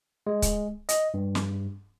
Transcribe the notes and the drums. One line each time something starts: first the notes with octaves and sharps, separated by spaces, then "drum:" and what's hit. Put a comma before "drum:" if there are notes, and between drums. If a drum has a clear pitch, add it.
G#3
drum: kick C#1, hi-hat
D#5, drum: hi-hat
G2
drum: snare